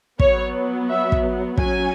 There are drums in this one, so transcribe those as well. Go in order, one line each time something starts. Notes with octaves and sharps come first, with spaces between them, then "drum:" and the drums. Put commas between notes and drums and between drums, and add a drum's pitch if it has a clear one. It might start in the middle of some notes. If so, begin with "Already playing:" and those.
F#3 B3 C#5, drum: kick
E5
drum: kick
F#3 C#4 G#5, drum: kick